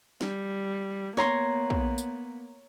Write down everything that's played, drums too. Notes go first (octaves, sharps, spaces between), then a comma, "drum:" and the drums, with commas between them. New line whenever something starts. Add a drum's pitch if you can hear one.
G3, drum: snare
A#3 B3 C#5 A#5 C6, drum: snare
drum: kick
drum: tambourine